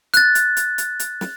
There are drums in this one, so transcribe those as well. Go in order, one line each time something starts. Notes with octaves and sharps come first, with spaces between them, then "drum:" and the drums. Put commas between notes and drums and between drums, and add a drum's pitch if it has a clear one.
F#6 A6, drum: hi-hat
drum: hi-hat
drum: hi-hat
drum: hi-hat
drum: hi-hat
drum: snare